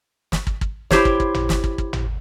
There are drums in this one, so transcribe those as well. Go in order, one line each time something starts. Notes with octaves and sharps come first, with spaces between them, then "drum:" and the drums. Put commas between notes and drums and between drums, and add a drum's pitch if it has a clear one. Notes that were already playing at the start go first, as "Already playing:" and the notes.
drum: snare
drum: kick
drum: kick
E4 G4 C5 C#5, drum: snare
drum: kick
drum: kick
drum: tom
drum: snare
drum: kick
drum: kick
drum: tom